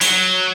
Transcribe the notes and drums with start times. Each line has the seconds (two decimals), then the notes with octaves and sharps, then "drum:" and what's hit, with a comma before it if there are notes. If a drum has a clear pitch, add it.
0.01 F#3, drum: hi-hat